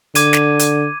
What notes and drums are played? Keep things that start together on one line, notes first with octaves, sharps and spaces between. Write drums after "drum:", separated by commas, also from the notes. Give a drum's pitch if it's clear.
D3 D6 G#6 D#7, drum: hi-hat
drum: snare
drum: hi-hat